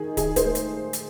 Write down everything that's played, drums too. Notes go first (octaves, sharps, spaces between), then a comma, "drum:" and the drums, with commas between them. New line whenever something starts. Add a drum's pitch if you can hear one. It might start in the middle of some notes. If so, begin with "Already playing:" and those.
Already playing: D#3 D#4 G#4
D#3 G#4, drum: kick, hi-hat
G#4 C5, drum: kick, hi-hat
A3
drum: hi-hat
drum: hi-hat